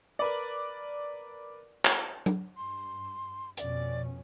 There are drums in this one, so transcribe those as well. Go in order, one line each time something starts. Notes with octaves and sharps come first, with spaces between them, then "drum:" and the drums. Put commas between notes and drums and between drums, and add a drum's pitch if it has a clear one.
A#4 B4 D5
drum: clap
drum: tom F#3
G2 C6
F2 B2 C#4 D5, drum: hi-hat